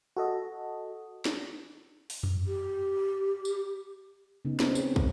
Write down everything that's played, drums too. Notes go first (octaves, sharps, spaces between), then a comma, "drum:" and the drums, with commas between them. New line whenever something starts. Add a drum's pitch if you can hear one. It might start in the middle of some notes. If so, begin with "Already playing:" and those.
F#4 A4 D#5
drum: snare
drum: open hi-hat
drum: tom F2
G4
drum: tambourine
C#3 B3 D#4
B3 C4 D#5, drum: snare
C#4 G#4 C#5, drum: tambourine
C#3, drum: kick